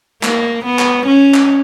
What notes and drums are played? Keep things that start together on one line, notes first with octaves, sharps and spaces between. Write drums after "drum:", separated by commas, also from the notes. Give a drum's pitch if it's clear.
A#3, drum: clap
B3
drum: clap
C#4
drum: clap